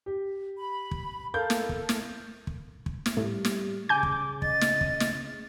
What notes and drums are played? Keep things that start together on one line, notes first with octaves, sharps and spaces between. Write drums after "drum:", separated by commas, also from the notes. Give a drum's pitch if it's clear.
G4
B5
drum: kick
A4 A#4 F5 G6
drum: snare
drum: kick
drum: snare
drum: kick
drum: kick
drum: snare
A2 G3
drum: snare
C#3 G#5 D6 G6
drum: kick
D#5 A6, drum: kick
drum: snare
drum: kick
drum: snare